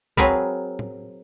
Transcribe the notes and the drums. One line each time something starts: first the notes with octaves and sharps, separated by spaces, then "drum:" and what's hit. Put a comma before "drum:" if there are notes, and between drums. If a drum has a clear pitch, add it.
F#3 C4 G#4 A#4 B4, drum: kick
drum: tom